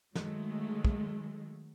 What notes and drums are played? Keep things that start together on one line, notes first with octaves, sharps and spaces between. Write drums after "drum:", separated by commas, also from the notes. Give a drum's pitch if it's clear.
D#3 F#3 G#3 A3, drum: snare
drum: kick